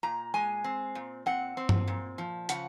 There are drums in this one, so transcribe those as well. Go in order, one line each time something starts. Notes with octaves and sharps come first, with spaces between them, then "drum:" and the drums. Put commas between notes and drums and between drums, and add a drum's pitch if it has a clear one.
A#2 A#5
G#3 G#5
C4
A#2
C4 F#5
C4
drum: tom G2
A#2
F3
C#3 F#5, drum: hi-hat